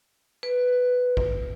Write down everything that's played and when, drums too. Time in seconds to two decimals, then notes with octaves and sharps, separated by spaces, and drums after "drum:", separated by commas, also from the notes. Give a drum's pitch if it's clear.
0.43 B4
1.17 drum: kick